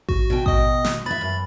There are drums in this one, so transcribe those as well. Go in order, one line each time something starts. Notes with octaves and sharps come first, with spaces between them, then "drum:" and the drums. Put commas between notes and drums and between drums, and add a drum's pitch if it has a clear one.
F#4, drum: kick A1
B2 G5
D#5 D#6, drum: kick A1
drum: snare
B4 E5 B5 A6
F#2